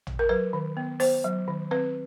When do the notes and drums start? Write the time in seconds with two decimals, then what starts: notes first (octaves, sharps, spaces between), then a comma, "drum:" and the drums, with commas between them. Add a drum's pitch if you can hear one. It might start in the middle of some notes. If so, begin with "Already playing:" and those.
0.07 drum: tom
0.19 A#4
0.29 F#3 B4
0.53 D#3
0.77 B3
1.00 B3 C5, drum: open hi-hat
1.24 F#3
1.48 D#3
1.71 C4 B4